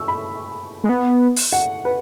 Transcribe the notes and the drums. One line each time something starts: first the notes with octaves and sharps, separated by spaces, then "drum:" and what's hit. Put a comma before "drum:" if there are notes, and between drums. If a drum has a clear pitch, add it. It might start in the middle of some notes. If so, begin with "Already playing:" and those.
Already playing: C#6 E6
B5
G#3
B3
drum: open hi-hat
F#5
B4